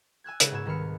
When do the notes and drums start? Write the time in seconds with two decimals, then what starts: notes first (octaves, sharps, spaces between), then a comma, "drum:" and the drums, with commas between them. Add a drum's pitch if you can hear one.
0.24 G#5 E6 F#6 G#6
0.40 C#3 G#3, drum: hi-hat
0.52 G#2 B3 F#4 E6 G#6 E7
0.65 C2 D#3 B4 F6 C#7